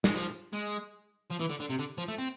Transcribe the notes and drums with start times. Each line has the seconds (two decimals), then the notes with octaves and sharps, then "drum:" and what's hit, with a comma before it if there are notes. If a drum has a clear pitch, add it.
0.04 G#3, drum: snare
0.14 F3
0.53 G#3
1.30 F3
1.40 E3
1.49 D3
1.60 D3
1.70 C3
1.79 D3
1.98 F3
2.08 A3
2.18 C4